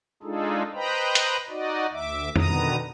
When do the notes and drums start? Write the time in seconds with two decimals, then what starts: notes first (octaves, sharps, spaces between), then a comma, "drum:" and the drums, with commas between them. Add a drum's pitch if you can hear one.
0.23 G#3 D4 D#4 F4 G#4 A4
0.75 B4 C5 D#5 G5 A#5 B5
1.15 drum: hi-hat
1.49 D#4 F#4 D5 D#5
1.92 D2 E5 D6
2.36 B2 D3 D#3 B3 A#5 D#6, drum: tom F2